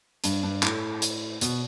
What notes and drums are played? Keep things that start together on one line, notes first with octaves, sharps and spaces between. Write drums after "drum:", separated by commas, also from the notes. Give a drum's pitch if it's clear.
G2, drum: hi-hat
G2
A2, drum: clap
drum: hi-hat
B2, drum: hi-hat